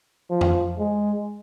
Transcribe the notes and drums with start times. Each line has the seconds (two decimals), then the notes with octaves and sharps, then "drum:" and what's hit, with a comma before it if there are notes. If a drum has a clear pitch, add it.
0.30 F3
0.41 drum: tom F2
0.79 G#3